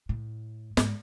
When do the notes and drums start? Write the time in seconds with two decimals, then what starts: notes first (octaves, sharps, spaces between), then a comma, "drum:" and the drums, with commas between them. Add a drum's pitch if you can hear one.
0.09 A2
0.77 G#2, drum: snare